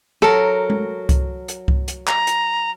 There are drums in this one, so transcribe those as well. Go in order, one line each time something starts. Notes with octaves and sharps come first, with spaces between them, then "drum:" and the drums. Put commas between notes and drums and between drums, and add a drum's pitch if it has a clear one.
F#3 A4 A#4
drum: tom G#3
drum: kick C2, hi-hat
drum: hi-hat
drum: kick C2
drum: hi-hat
A#5, drum: clap
drum: hi-hat